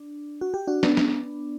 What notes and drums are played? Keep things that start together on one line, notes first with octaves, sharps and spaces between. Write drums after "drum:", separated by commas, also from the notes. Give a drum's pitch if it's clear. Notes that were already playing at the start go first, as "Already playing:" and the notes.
Already playing: D4
F#4
G4
D4 F#4
B3 D4, drum: snare
drum: snare